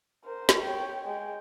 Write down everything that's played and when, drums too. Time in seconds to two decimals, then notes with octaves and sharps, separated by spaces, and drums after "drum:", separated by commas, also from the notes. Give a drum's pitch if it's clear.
0.25 A#4 C5
0.49 drum: snare
0.63 C#5 G5
1.04 G#3 G5